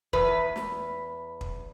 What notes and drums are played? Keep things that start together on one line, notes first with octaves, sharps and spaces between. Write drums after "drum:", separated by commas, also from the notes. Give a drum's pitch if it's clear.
E2 B4, drum: kick
drum: snare
drum: kick